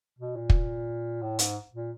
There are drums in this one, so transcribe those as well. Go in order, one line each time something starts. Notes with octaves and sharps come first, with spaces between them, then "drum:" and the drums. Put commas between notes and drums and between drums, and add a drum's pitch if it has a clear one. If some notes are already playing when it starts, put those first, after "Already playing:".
B2
A#2
drum: kick
A2
G#2, drum: hi-hat
A#2